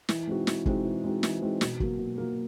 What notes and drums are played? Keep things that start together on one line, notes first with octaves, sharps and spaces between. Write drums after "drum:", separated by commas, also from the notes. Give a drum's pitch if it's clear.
E3, drum: snare
G#3 C4 D#4 F#4
E3, drum: snare
G#3 C4 D#4 F#4, drum: kick
E3
G#3 C4 D#4 F#4
E3, drum: snare
G#3 C4 D#4 F#4
B2, drum: snare
F#3 A#3, drum: kick
B2
F#3 A#3